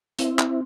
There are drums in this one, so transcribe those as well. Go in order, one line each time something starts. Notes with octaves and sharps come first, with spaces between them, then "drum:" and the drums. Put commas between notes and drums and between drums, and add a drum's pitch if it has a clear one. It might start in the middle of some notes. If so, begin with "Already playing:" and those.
C4 E4, drum: hi-hat
drum: clap